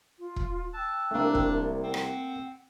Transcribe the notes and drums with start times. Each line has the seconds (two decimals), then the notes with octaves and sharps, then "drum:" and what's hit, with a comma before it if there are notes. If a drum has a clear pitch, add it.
0.17 F4
0.36 drum: kick E1
0.74 G5 A5 E6 F#6
1.11 C2 A3 A#3 D4
1.35 drum: kick E1
1.84 C4 F#5
1.94 drum: rim click